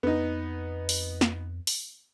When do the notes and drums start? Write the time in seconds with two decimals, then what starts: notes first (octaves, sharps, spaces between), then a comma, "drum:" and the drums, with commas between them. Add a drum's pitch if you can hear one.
0.03 F2 B3 D#4
0.89 drum: open hi-hat
1.21 drum: snare
1.67 drum: open hi-hat